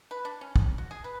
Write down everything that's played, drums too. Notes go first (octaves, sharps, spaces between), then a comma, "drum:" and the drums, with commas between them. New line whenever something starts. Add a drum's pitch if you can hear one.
B4
D4
C#4
drum: kick
F#4
G#4
B4